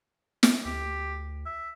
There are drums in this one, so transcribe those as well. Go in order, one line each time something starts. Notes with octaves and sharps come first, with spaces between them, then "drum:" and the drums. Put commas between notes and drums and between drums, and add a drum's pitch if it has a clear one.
drum: snare
D2 G4
E5